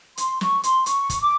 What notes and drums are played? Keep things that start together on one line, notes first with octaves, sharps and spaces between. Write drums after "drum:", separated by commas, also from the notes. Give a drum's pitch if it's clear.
C6, drum: hi-hat
C#6, drum: snare
C6, drum: hi-hat
C#6, drum: hi-hat
drum: kick, hi-hat
D6